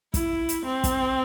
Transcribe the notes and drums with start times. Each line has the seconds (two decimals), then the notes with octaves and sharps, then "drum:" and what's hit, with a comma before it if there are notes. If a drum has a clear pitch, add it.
0.14 E4, drum: kick, hi-hat
0.49 drum: hi-hat
0.66 C4
0.84 drum: kick, hi-hat